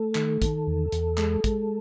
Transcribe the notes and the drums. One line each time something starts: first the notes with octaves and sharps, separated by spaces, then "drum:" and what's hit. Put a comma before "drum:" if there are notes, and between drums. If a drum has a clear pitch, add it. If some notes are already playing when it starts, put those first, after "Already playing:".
Already playing: A3 A4
D#3, drum: clap
D#3, drum: kick, hi-hat
E2
E2, drum: hi-hat
G#3, drum: clap
G#3, drum: kick, hi-hat